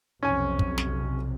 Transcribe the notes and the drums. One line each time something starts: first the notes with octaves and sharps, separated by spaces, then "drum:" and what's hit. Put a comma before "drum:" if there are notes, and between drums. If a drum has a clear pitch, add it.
B1 F2 C3 C#4 G#5
drum: kick
drum: snare